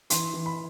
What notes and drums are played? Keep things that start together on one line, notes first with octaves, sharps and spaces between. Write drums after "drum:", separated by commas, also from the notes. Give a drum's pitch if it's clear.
E3 C6, drum: hi-hat
E3
B5